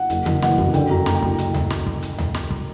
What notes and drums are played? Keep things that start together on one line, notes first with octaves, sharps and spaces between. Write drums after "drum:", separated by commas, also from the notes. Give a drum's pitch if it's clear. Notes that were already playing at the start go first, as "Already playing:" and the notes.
Already playing: F#5
F#1, drum: hi-hat
F#1, drum: tom C#3
E3 F#5, drum: snare
F#2, drum: kick
D3 G5, drum: hi-hat
F#2 A#5
F#1 A#5, drum: snare
G5
F#1 A#5, drum: kick
drum: hi-hat
drum: tom D2
drum: snare
drum: kick
drum: hi-hat
drum: tom D2
drum: snare
drum: kick